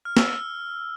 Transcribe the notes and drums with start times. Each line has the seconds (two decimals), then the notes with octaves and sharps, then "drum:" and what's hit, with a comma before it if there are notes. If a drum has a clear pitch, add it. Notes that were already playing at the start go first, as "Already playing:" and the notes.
0.05 F6
0.17 E6, drum: snare